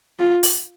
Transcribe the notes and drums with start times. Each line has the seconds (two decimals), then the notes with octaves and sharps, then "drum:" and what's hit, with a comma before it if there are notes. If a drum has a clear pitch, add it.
0.19 F4
0.43 drum: open hi-hat